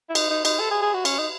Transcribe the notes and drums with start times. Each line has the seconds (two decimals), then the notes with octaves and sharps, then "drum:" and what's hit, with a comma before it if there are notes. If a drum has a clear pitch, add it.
0.10 E4
0.15 D#4, drum: cymbal
0.30 D#4
0.45 D#4, drum: cymbal
0.60 A4
0.71 G#4
0.82 G#4
0.94 F#4
1.05 C#4, drum: cymbal
1.19 D#4